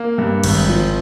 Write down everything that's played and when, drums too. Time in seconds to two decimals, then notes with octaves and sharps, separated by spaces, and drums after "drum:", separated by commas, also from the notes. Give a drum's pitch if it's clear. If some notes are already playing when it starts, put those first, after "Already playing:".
Already playing: A#3
0.18 G2
0.44 G#1, drum: cymbal
0.69 F3